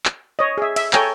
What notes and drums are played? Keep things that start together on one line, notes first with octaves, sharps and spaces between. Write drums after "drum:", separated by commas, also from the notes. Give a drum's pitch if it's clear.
drum: clap
C#5 D#5
G#4 E5
E5, drum: cymbal
A4 C#5 G5 G#5 A#5, drum: clap